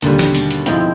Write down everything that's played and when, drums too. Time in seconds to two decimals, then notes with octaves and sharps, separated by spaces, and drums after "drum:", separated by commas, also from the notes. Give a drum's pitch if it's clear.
0.02 D#2 A#2 D3 G3, drum: hi-hat
0.19 B2, drum: snare
0.35 B2, drum: hi-hat
0.51 drum: hi-hat
0.66 G#2 F3 G#3 C4 E4, drum: hi-hat